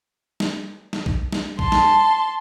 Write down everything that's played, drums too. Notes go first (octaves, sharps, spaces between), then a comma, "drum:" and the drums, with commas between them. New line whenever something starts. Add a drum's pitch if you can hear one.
drum: snare
drum: snare
drum: kick A#1
drum: snare
A5 C6, drum: kick A#1
drum: snare